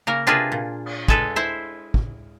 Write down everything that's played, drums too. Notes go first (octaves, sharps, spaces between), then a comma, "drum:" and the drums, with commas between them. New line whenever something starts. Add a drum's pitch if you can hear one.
C#3 A#3 A#4
C3 D4 F4 G#4 A#4 B4
A#2
drum: cymbal
G#3 A4 B4, drum: kick
E4 C5 E5
drum: kick